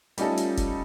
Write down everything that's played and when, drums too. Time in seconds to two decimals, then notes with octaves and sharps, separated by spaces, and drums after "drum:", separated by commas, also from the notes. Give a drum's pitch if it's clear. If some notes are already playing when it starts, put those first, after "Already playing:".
0.18 G3 A3 C#4 D#4 F4 A4, drum: hi-hat
0.37 drum: hi-hat
0.57 drum: kick F1, hi-hat